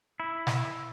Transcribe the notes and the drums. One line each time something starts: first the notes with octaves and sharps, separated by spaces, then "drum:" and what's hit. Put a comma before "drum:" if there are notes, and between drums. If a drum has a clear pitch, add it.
E4
drum: snare